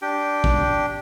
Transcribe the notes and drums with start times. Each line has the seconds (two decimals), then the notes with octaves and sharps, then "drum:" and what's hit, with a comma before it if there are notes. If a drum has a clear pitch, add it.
0.02 D4 G4 G5
0.44 drum: kick